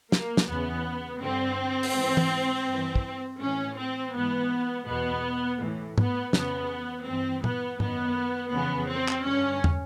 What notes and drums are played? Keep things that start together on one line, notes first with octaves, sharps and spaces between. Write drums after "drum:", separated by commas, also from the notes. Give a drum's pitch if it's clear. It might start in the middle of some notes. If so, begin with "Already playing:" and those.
A#3, drum: snare
drum: snare
E2 C#3 E3 B3
G2 D3 C4
drum: open hi-hat
G#2 E3
drum: tom
G2 E3
drum: kick
A2 E3 C#4
C4
G#2 E3 B3
E2 B2 B3
A2 E3
B3, drum: tom G#2
F2 C#3 E3 B3, drum: snare
G2 E3 C4
B3, drum: tom
F#2 D#3 B3, drum: tom G#2
F2 C#3 E3 B3
C4
drum: clap
G2 D3 C#4
drum: tom